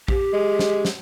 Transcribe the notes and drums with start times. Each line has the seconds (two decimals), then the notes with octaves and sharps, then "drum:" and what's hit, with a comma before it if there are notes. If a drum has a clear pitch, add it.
0.08 G4, drum: kick A#1
0.33 G#3
0.59 drum: snare
0.85 drum: snare